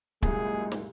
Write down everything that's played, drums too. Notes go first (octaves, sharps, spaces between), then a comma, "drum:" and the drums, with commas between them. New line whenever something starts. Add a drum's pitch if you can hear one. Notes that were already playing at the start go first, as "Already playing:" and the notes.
C2 F#2 A#2 G#3 G#4, drum: kick
drum: snare